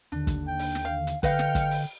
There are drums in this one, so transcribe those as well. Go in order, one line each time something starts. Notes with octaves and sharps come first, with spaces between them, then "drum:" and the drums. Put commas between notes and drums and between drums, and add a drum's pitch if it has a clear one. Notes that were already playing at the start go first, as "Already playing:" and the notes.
D#2 D3 D4
drum: kick, hi-hat
G5
drum: open hi-hat
drum: snare
F5
drum: hi-hat
D3 B4 D#5 F5 G5 F6 G6 C#7, drum: kick, hi-hat
drum: snare
drum: kick, hi-hat
drum: open hi-hat